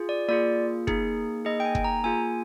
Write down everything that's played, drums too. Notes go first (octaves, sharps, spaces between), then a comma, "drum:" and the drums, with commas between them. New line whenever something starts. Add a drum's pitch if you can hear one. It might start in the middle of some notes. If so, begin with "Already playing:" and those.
Already playing: F4 G#4
D5
A#3 F4 G#4 D5
A#3 D#4 G#4, drum: kick
A#3 D#4 G#4 D#5
G5
G#5
drum: kick
A#5
A#3 F4 G#4 G#5